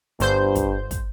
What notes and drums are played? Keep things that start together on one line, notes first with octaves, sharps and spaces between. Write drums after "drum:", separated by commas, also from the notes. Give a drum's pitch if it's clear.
G1 G2 C5 G6, drum: hi-hat
drum: kick, hi-hat
drum: kick, hi-hat